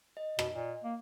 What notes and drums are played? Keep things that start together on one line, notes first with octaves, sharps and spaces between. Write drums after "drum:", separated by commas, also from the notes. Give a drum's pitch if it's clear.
D#5
B2, drum: rim click
A#2
A#3